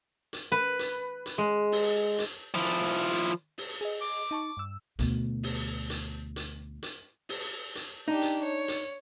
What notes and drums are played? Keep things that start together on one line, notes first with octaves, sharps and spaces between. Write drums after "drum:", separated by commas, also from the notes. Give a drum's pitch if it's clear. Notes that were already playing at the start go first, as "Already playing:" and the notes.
drum: hi-hat
B4
drum: hi-hat
drum: hi-hat
G#3
drum: open hi-hat
drum: hi-hat
F3 E4
drum: hi-hat
drum: hi-hat
drum: open hi-hat
G#4 D#5
D6
D#4 A5 C#6
G2 E6
D2 B2, drum: hi-hat
drum: open hi-hat
drum: hi-hat
drum: hi-hat
drum: hi-hat
drum: open hi-hat
drum: hi-hat
D4 D#4 G4
drum: hi-hat
C#5
drum: hi-hat